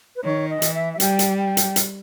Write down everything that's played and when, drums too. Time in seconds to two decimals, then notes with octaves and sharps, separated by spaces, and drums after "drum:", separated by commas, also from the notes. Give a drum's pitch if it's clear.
0.16 B4
0.24 D#3 C#5
0.49 D#5
0.62 E3, drum: hi-hat
0.74 E5
0.93 E5
1.00 G3 G5, drum: hi-hat
1.19 drum: hi-hat
1.37 G5
1.57 drum: hi-hat
1.76 drum: hi-hat